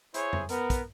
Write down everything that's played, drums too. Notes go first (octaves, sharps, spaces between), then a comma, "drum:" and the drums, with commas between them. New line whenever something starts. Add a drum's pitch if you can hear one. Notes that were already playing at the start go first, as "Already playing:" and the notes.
E4 G#4 C5 C#5, drum: hi-hat
drum: tom F2
B3 A#4, drum: hi-hat
drum: kick, hi-hat